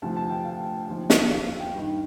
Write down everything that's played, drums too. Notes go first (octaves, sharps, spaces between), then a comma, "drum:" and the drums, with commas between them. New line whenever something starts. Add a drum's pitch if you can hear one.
D2 C3 F3 A5
A5
G5
F5
D#2 D3 F3
drum: snare
F5
F5
G5
G2 D#3